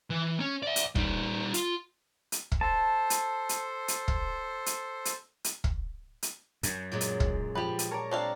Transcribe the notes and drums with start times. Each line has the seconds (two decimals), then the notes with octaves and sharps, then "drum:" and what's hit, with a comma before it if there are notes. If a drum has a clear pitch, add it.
0.10 E3
0.40 C#4
0.63 D5 E5
0.76 drum: hi-hat
0.95 G3 D#4, drum: kick
1.54 F4, drum: hi-hat
2.32 drum: hi-hat
2.52 drum: kick
2.61 A4 C5 A5
3.10 drum: hi-hat
3.49 drum: hi-hat
3.88 drum: hi-hat
4.08 drum: kick
4.66 drum: hi-hat
5.05 drum: hi-hat
5.44 drum: hi-hat
5.64 drum: kick
6.23 drum: hi-hat
6.63 F#2, drum: hi-hat
6.92 A#2 F#3 G#3
7.01 drum: hi-hat
7.20 drum: kick
7.55 F3 G4 B4
7.79 drum: hi-hat
7.91 A#4 C#5 D5 A5 A#5
8.11 C4 D4 F5